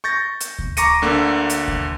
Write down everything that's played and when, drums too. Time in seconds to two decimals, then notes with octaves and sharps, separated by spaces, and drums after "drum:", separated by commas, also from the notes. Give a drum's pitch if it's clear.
0.04 C#6 G6 A6 A#6
0.40 drum: hi-hat
0.59 drum: kick D2
0.77 A#5 C#6 D6 A#6 C#7 D#7, drum: hi-hat
1.02 D2 D3 A#3 E6
1.50 drum: hi-hat
1.68 drum: kick D2